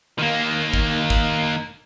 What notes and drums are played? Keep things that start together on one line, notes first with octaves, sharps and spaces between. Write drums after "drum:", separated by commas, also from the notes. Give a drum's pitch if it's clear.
D#3 A#3
drum: kick
drum: kick